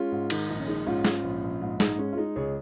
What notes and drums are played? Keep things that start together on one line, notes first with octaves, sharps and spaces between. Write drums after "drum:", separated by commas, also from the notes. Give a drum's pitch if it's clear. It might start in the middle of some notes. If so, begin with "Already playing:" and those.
Already playing: G#3 C#4 F4
G#2
D#3 D#4, drum: cymbal
A#1 D#4
C#4
G#3 D#4
G#2 C#4 F4
G#2, drum: snare
A#1
A#1
G#2
G#3 D#4, drum: snare
G#3 C#4
F4
G#3 D#4
C#2 G#4 C#5